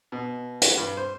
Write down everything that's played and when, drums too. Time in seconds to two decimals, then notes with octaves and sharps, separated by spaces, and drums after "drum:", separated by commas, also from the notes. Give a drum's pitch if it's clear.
0.12 B2
0.62 drum: hi-hat
0.77 G2
0.97 C5